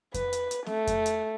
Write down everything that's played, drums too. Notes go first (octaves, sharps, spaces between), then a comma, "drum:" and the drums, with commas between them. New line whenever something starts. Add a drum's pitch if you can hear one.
B4, drum: kick F2, hi-hat
drum: hi-hat
drum: hi-hat
A3, drum: snare C4
drum: kick F2, hi-hat
drum: hi-hat